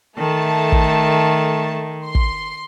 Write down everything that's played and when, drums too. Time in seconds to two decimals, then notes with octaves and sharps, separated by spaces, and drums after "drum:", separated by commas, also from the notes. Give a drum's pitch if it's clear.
0.19 D#3 A3 A5
0.72 drum: kick
2.06 C6
2.15 drum: kick